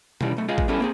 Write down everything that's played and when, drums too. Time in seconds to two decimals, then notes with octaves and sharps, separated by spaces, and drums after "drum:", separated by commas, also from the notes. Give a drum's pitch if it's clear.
0.21 D#2 C#3 E3 G3, drum: tom B2
0.37 B1 A3
0.48 G#3 F4 G#4 D#5 F5
0.58 drum: kick G#1
0.68 G3 B3 C#4 E4 A4
0.80 A#3 C4 G#4